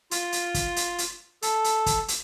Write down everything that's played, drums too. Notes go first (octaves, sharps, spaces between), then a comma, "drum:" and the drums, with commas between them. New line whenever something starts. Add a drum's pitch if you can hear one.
F4, drum: hi-hat
drum: hi-hat
drum: kick, hi-hat
drum: hi-hat
drum: hi-hat
A4, drum: hi-hat
drum: hi-hat
drum: kick, hi-hat
drum: hi-hat